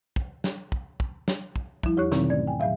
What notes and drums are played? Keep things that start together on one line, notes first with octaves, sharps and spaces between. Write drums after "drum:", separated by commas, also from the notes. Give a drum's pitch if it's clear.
drum: kick
drum: snare
drum: kick
drum: kick
drum: snare
drum: kick
F3 G3 E4, drum: kick
E2 G4 C#5 C#6 F#6
B2 D3 D#3 F#3 C4 D#4, drum: snare
G#2 A3 C#4 D5 G#6
G5 G#5
A2 F#3 E5 F5